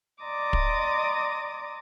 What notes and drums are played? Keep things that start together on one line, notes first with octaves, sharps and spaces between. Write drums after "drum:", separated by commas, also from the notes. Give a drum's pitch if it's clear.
D5 D#5 A#5 C6 D6 D#6
drum: kick